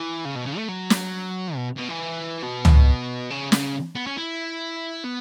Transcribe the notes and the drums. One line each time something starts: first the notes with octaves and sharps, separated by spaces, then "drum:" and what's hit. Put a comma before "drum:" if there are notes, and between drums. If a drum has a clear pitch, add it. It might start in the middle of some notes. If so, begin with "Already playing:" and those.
Already playing: E3
C#3
B2
C#3
A3
F#3
drum: snare
B2
B2
E3
B2
drum: tom C#2
C#3
C#3, drum: snare
B3
C#4
E4
B3